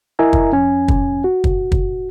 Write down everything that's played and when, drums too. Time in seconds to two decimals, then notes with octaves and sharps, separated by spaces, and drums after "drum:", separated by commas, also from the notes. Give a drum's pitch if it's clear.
0.19 E4 A#4 D#5 E5 G#5 A#5
0.33 drum: kick
0.52 F2 C#4 G#5
0.88 drum: kick
1.24 F#4
1.44 drum: kick
1.72 drum: kick